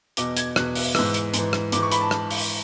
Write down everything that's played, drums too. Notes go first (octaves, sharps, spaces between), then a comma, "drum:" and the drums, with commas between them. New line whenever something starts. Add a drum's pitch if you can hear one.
E2 B2 D6, drum: hi-hat
G#6, drum: hi-hat
E2 B2 F#6, drum: rim click
drum: open hi-hat
G#2 E3 E6, drum: rim click
drum: hi-hat
G#2 E3, drum: hi-hat
drum: rim click
G#2 E3 D6, drum: hi-hat
C#6
B5, drum: hi-hat
A5
drum: rim click
drum: open hi-hat